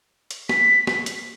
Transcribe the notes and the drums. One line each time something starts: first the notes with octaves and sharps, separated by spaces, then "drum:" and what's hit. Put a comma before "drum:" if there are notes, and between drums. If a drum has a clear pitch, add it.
drum: hi-hat
B6, drum: snare
drum: snare
drum: hi-hat